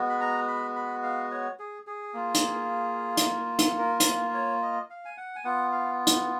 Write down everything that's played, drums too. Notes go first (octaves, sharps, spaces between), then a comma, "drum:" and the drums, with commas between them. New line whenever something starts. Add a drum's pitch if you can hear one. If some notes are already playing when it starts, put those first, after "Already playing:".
Already playing: G#3 B3 F#4
B5
A#5
B5
B5
F5
C#5
G#4
G#4
A#3 F4
drum: hi-hat
drum: hi-hat
drum: hi-hat
A#4
drum: hi-hat
C#5
D#5
F5
G#5
F#5
G#5
B3 F4 F#5
F5
drum: hi-hat